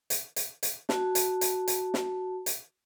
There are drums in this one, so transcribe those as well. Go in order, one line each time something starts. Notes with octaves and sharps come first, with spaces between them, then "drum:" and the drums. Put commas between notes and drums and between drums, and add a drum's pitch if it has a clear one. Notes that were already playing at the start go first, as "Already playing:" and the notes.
drum: hi-hat
drum: hi-hat
drum: hi-hat
F#4 A5, drum: snare
drum: hi-hat
drum: hi-hat
drum: hi-hat
drum: snare
drum: hi-hat